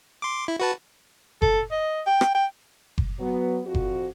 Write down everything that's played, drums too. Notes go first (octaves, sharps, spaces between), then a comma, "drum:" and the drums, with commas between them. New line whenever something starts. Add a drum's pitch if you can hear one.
C6 D6
E4
F#4 B4 A5
A4, drum: kick F#1
D#5
G5
drum: rim click
G5
drum: kick F#1
F#3 B3
F2 F3 F#4
drum: kick F#1